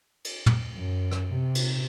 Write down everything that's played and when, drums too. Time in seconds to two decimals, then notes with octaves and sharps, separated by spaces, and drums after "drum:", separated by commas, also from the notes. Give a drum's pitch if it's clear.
0.25 drum: cymbal
0.46 drum: tom
0.75 F#2
1.12 drum: rim click
1.33 C3
1.55 drum: cymbal